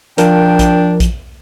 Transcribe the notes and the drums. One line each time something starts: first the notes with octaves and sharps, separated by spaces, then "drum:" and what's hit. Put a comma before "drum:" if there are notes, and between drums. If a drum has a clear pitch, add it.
F3 D4 A#4 G5, drum: hi-hat
drum: kick A#1, hi-hat
drum: kick A#1, hi-hat